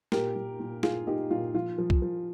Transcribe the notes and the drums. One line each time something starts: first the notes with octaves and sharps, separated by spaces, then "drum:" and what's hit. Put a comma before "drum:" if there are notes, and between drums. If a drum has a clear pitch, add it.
A#2 G4 A#4, drum: snare
A#2
A#2
A#2 F4 G#4, drum: snare
A#2 D#4 G4
A#2 F4
F3 F4
F3
drum: kick C2
F3